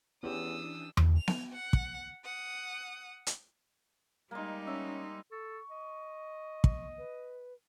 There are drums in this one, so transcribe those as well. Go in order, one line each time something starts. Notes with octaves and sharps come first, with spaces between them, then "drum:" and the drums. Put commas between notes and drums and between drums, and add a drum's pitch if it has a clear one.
E2 E3 C#4 D4 G4 D#6 E6
drum: tom E2
F7
drum: snare B3
F#5
drum: kick
F#5 D#6
drum: hi-hat
G3 G#3 A#3 D#4
C#4 E5
A4 C#6
D#5
drum: kick
B4